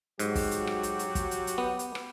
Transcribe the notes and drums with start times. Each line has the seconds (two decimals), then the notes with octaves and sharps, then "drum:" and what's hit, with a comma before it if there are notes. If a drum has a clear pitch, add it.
0.19 G#2 F#3 F#4 G4, drum: hi-hat
0.35 drum: kick, open hi-hat
0.51 drum: hi-hat
0.67 drum: rim click
0.83 drum: hi-hat
0.99 drum: hi-hat
1.15 drum: kick, hi-hat
1.31 drum: hi-hat
1.47 drum: hi-hat
1.58 B3
1.79 drum: hi-hat
1.95 drum: rim click